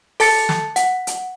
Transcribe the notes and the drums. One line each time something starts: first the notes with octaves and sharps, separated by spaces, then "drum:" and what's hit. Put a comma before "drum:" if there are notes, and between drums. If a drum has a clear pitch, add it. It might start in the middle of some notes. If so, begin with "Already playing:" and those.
A4 A5 A6 C#7, drum: open hi-hat
drum: snare
F#5, drum: hi-hat
drum: hi-hat